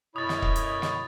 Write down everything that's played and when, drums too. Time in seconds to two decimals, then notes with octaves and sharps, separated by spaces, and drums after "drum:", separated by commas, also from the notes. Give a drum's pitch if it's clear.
0.16 F#2 B2 E4 C#5 D#5 B5 D#6 A6
0.29 drum: snare
0.42 drum: kick E1
0.56 drum: hi-hat
0.82 drum: snare